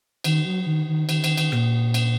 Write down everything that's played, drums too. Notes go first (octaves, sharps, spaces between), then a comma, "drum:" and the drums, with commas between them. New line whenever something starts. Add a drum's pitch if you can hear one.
D#3, drum: cymbal
F#3
D#3
D#3
D#3, drum: cymbal
D#3, drum: cymbal
D#3, drum: cymbal
A#2, drum: rim click
drum: cymbal